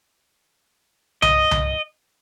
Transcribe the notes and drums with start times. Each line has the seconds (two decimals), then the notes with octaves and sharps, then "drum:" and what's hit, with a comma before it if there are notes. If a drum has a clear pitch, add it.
1.22 D#5, drum: tom C2
1.51 drum: tom C2